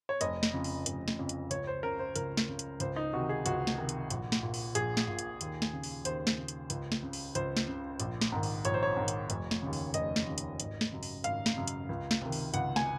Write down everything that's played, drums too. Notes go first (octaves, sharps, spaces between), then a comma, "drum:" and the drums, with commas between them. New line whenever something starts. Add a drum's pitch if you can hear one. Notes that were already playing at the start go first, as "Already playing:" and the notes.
C#5
F1 D#5, drum: hi-hat
drum: snare
F2 C#3
drum: open hi-hat
F1, drum: hi-hat
drum: snare
F2 C#3
drum: hi-hat
C#2 C#5, drum: hi-hat
C5
C#3 A#4
C5
C#2 A#4, drum: hi-hat
drum: snare
C#3
drum: hi-hat
C#2 C5, drum: hi-hat
D#4
C3 D#3 F#4
G#4
C#2 F#4, drum: hi-hat
drum: snare
C3 D#3
drum: hi-hat
A#1, drum: hi-hat
drum: snare
A#2
drum: open hi-hat
A#1 G#4, drum: hi-hat
drum: snare
A#2
drum: hi-hat
D#2, drum: hi-hat
drum: snare
C#3
drum: open hi-hat
D#2 C5, drum: hi-hat
drum: snare
C#3
drum: hi-hat
C#2, drum: hi-hat
drum: snare
C#3
drum: open hi-hat
C#2 C5, drum: hi-hat
drum: snare
C#3
A#1, drum: hi-hat
drum: snare
G#2 D#3
drum: open hi-hat
A#1 C#5, drum: hi-hat
C5
C#5
G#2 D#3
drum: hi-hat
F1, drum: hi-hat
drum: snare
D#2 C#3
drum: open hi-hat
F1 D#5, drum: hi-hat
drum: snare
D#2 C#3
drum: hi-hat
G#1, drum: hi-hat
drum: snare
F#2 C#3
drum: open hi-hat
G#1 F5, drum: hi-hat
drum: snare
F#2 C#3
drum: hi-hat
C#2
drum: snare
C3 D#3
drum: open hi-hat
C#2 F#5, drum: hi-hat
G#5, drum: snare